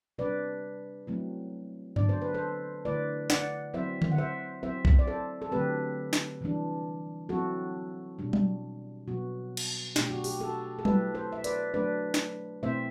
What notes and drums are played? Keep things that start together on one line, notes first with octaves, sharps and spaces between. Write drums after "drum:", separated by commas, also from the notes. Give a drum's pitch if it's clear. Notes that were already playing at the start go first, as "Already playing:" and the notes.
C3 G3 D4 B4 D5
F#3 A3 C4 E4
D3 F#3 B3 D4 D5, drum: tom G2
C5
B4
A4 C5
D3 A3 E4 B4 D5
D5 F#5, drum: snare
F#3 C4 E4 C5 E5
drum: tom D3
F#5
C5 E5
F#3 C4 E4 C5 E5
drum: kick B1
D5
A4 C5
A4
D3 F#3 A3 C4 G4 B4
drum: snare
C3 E3 G3 D4
F#3 C4 E4 F#4 A4
B2 G3 D4
drum: tom F#3
B2 F#3 B3 F#4
drum: cymbal
B2 A3 D4 G4, drum: snare
F#4
G4, drum: open hi-hat
F#4 A4
A4
F#3 A3 E4 G4 B4, drum: tom F#3
A4 C5
E5
B4 D5, drum: hi-hat
F#3 A3 D4 B4 D5
drum: snare
B2 A3 C4 E4 C5 E5